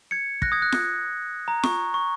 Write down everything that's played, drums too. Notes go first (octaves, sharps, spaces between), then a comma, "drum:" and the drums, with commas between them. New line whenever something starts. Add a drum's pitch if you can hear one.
G#6 C#7
F#6 A#6, drum: kick
D#6 G#6
F#6
drum: snare F4
A#5
C#6, drum: snare F4
C#6